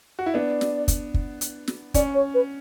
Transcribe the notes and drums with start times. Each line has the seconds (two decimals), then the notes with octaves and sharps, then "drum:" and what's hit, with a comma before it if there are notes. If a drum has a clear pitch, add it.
0.19 F#4
0.26 E4
0.34 B3 D4 D5
0.61 drum: snare
0.88 drum: kick, hi-hat
1.14 drum: kick
1.41 drum: hi-hat
1.68 drum: snare
1.94 C#4 D5, drum: kick, hi-hat
2.14 C#5
2.34 B4